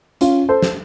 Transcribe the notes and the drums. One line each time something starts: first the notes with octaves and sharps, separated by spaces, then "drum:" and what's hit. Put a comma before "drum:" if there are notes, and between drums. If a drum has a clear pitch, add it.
C#4 F4, drum: hi-hat
A4 C5
drum: snare